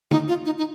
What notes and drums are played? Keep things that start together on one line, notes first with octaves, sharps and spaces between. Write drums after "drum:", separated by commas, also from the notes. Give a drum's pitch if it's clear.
D#4, drum: tom
F4
D#4
D#4